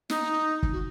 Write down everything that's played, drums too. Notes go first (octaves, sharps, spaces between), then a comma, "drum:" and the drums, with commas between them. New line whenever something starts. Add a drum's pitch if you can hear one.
D#4, drum: snare
drum: kick
F#4